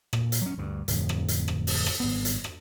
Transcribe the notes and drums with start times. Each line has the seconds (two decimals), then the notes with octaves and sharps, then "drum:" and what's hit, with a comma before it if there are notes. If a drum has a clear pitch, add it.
0.13 A#2, drum: rim click
0.32 drum: hi-hat
0.42 F#3 C#4
0.58 D2 G2
0.88 D1 F2, drum: hi-hat
1.09 drum: rim click
1.28 drum: hi-hat
1.48 drum: rim click
1.67 drum: open hi-hat
1.86 drum: rim click
2.00 G#1 G2 B3
2.25 drum: hi-hat
2.44 drum: rim click